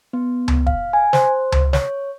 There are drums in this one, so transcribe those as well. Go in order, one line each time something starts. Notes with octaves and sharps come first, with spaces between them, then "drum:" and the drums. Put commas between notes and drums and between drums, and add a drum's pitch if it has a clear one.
B3
drum: tom C#2
F5, drum: kick
G#5
C5, drum: snare
drum: tom C#2
C#5, drum: snare